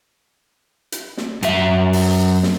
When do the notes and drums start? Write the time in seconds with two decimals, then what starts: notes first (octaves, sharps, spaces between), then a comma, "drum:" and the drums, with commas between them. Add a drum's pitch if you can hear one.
0.92 drum: hi-hat
1.17 drum: snare
1.43 F#2 E5, drum: hi-hat
1.93 drum: open hi-hat
2.43 drum: snare